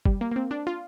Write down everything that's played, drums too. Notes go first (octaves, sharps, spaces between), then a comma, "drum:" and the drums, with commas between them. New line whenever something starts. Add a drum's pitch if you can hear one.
G3, drum: kick F#1
A#3
A#3
C4
D4
F4